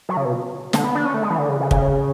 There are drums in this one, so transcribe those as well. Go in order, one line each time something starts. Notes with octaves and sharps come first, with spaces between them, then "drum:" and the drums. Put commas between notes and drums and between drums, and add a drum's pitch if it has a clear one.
F#3
C#3
B2
D3, drum: snare
B3
D4
C#4
A3
G#3
E3
D3
C#3
C#3
C#3, drum: kick